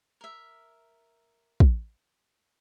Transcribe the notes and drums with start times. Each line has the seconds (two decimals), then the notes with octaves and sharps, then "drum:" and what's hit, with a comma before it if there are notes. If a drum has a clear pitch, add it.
0.21 A#4 E5
1.60 drum: kick